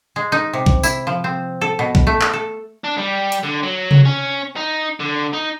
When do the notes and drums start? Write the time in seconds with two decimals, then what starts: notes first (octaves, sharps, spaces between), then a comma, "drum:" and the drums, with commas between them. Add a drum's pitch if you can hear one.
0.16 G#3
0.32 D#4
0.53 C3
0.66 drum: kick A#1
0.83 E4, drum: tambourine
1.07 F3
1.24 C4
1.61 A4
1.79 B2
1.95 drum: kick A#1
2.07 A3
2.21 drum: clap
2.33 A4
2.84 D4
2.98 G3
3.32 drum: hi-hat
3.43 D3
3.63 F#3
3.91 drum: tom C3
4.05 C#4
4.56 D#4
5.00 D3
5.33 D#4